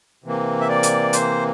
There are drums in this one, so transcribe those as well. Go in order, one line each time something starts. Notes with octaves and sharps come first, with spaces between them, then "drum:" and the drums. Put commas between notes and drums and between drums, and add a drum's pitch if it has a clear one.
C3 E3 A#3
E5
D5
drum: hi-hat
C5, drum: hi-hat